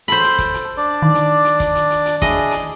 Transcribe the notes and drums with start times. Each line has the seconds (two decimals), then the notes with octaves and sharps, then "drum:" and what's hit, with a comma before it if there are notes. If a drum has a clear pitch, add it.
0.08 A4 C5 B5, drum: hi-hat
0.23 drum: hi-hat
0.38 drum: kick, hi-hat
0.54 drum: hi-hat
0.77 D4 D5
1.02 D#3
1.14 drum: hi-hat
1.45 drum: hi-hat
1.60 drum: kick, hi-hat
1.75 drum: hi-hat
1.90 drum: hi-hat
2.05 drum: hi-hat
2.22 D4 E4 G#4 D#5, drum: kick, hi-hat
2.51 drum: hi-hat